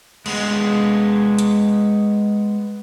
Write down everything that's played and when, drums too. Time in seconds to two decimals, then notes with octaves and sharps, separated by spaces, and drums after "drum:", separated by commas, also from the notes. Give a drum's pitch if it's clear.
0.26 G#3 B3, drum: cymbal
1.39 drum: hi-hat